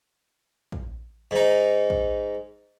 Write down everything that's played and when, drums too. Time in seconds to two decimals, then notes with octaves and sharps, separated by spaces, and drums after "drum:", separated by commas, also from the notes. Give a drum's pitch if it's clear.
0.72 drum: kick
1.31 G#2 D#4
1.90 drum: kick